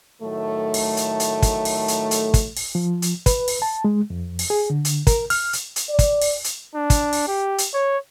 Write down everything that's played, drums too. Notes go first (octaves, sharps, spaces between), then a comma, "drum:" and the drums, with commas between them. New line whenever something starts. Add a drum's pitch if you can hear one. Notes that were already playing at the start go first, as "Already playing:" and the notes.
A2 D#3 F#3 A3
drum: open hi-hat
drum: hi-hat
drum: hi-hat
drum: kick, hi-hat
drum: open hi-hat
drum: hi-hat
drum: hi-hat
drum: kick, hi-hat
drum: open hi-hat
F3
drum: hi-hat
B4, drum: kick, hi-hat
drum: open hi-hat
A5
G#3
F2
drum: open hi-hat
G#4
D3
drum: hi-hat
A#4, drum: kick, hi-hat
F6, drum: open hi-hat
drum: hi-hat
drum: hi-hat
D5
drum: kick, hi-hat
drum: open hi-hat
drum: hi-hat
D4
drum: kick, hi-hat
drum: open hi-hat
G4
drum: hi-hat
C#5